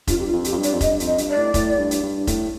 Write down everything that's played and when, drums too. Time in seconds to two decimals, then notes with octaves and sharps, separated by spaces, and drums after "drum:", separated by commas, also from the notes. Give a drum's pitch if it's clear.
0.07 G2 F4, drum: kick F1, hi-hat
0.16 F2 G4
0.24 G2 F4
0.33 F2
0.44 G4, drum: hi-hat
0.52 F2
0.57 G2
0.63 D5, drum: hi-hat
0.73 F2
0.81 G2 D#5, drum: kick F1, hi-hat
1.00 F2, drum: hi-hat
1.05 D#5
1.18 G2, drum: hi-hat
1.30 D5
1.36 A2
1.54 A2, drum: kick F1, hi-hat
1.78 G2
1.91 drum: hi-hat
2.03 G2
2.27 A2, drum: kick F1, hi-hat